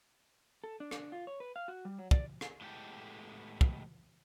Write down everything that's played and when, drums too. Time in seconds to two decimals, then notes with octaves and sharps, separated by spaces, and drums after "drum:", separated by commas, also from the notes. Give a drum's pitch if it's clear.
0.64 A4
0.80 D4
0.91 drum: rim click
1.12 F4
1.27 C#5
1.40 B4
1.56 F5
1.68 F#4
1.85 G3
1.99 F#3
2.11 D5, drum: kick
2.41 drum: rim click
2.61 A2 G#3 B3 C4 G4 A4
3.61 drum: kick